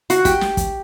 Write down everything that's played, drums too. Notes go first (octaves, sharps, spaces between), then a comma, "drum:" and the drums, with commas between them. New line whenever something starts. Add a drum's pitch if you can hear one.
F#4, drum: hi-hat
G4, drum: kick, hi-hat
drum: snare
drum: kick, hi-hat